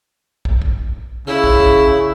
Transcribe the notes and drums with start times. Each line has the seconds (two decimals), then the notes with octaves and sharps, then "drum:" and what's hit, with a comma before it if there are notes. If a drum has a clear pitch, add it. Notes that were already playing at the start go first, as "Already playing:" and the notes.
0.45 drum: kick
0.62 drum: kick
1.27 C#3 E4
1.44 drum: kick
1.60 drum: kick